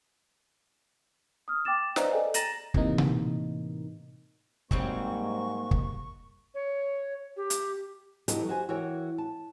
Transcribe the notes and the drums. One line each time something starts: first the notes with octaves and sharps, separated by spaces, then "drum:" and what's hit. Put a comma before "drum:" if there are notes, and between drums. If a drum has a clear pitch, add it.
D#6 F6
G5 D6 A6 E7
B4 C5 D5 D#5 F5 A#5, drum: snare
G#4 A4 D5 D#5 G5 G#5
A#5 A6 A#6 D#7 E7 F#7, drum: hi-hat
A2 C3 E3 A#3 D#4, drum: kick
drum: tom B2
G#2 F#3 G3 A#3 C4 C#6, drum: kick
drum: kick
C#5
G4
drum: hi-hat
E3 F#3 G3 G4 A4 D#5, drum: hi-hat
F#4 G4 C5 G#5
E3 F#4 A#4 C#5 G5
A5